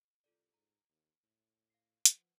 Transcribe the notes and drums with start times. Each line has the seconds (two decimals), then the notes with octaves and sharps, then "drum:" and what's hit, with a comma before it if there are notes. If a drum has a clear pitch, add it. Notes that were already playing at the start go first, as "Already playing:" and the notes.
0.24 C2 F4 A4 D5
0.54 G#2 A#5
0.88 D#2
1.23 A2
1.70 F5 C7
2.05 F3 B4 F#5, drum: hi-hat